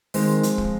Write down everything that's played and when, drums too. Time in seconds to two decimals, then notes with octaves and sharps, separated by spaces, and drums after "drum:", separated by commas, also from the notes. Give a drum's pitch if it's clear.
0.14 D#3 G#3 C4, drum: open hi-hat
0.43 F3, drum: hi-hat
0.58 drum: kick